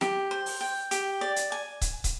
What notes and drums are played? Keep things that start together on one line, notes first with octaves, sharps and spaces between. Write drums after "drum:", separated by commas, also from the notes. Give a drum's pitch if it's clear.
G4, drum: snare
C5
drum: open hi-hat
G5
G4, drum: hi-hat
D5
drum: hi-hat
G#5
drum: kick, hi-hat
drum: kick, hi-hat